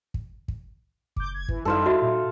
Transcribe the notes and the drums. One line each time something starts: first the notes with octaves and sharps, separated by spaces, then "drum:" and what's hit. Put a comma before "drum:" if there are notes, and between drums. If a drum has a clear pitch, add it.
drum: kick
drum: kick
F#1 D6 G6, drum: kick
G#6
G1 E3, drum: kick
F#2 G3 D#4 E4 A4 C5 F5
F#4 E5
A#2